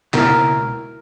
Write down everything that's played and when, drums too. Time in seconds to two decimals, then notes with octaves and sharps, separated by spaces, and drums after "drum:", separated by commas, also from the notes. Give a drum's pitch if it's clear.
0.14 C#2 B2 A#3 E4 A#4, drum: clap